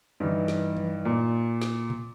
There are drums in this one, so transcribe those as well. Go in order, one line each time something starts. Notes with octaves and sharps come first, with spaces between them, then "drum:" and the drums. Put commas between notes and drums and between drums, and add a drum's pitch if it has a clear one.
G2 E3 D#4
drum: snare
drum: tom E3
A#2
drum: snare
drum: tom A#2